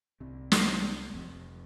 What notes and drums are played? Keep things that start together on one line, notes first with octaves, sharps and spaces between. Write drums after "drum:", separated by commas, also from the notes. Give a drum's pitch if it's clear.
C2 C3 C4
drum: snare
F1 F2 C3